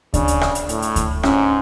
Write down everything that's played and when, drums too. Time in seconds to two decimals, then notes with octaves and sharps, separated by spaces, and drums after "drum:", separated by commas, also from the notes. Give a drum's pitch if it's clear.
0.14 C#3 D4, drum: kick D2, hi-hat
0.28 drum: hi-hat
0.41 drum: rim click
0.55 drum: hi-hat
0.69 A2, drum: hi-hat
0.82 drum: hi-hat
0.96 drum: kick D2, hi-hat
1.23 G#2 C#4, drum: rim click